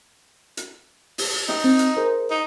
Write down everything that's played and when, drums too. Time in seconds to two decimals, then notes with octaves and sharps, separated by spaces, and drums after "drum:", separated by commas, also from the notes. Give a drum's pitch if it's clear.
0.57 drum: hi-hat
1.18 drum: open hi-hat
1.49 D#4, drum: snare
1.64 C4
1.79 drum: hi-hat
1.96 G#4 A#4 C5
2.31 D#4